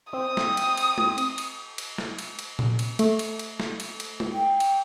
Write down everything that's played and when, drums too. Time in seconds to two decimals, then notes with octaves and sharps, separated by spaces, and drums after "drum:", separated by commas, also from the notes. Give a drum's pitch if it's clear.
0.13 C4 D#6
0.37 drum: snare
0.57 drum: cymbal
0.77 drum: cymbal
0.98 drum: tom G#3
1.18 drum: cymbal
1.38 drum: cymbal
1.78 drum: cymbal
1.98 drum: snare
2.19 drum: cymbal
2.39 drum: cymbal
2.59 drum: tom A#2
2.79 drum: cymbal
2.99 A3, drum: cymbal
3.19 drum: cymbal
3.39 drum: cymbal
3.60 drum: snare
3.80 drum: cymbal
4.00 drum: cymbal
4.20 drum: tom G#3
4.33 G5
4.60 drum: cymbal